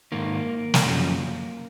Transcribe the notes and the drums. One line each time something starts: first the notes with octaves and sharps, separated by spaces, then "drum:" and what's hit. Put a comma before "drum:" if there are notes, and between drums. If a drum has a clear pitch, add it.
G#2 D#3 A#3
drum: snare
F#2 C#3 F3